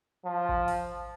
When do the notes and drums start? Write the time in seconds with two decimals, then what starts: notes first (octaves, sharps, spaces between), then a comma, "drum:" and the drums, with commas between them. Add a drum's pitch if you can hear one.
0.25 F3
0.49 drum: kick A1
0.68 drum: open hi-hat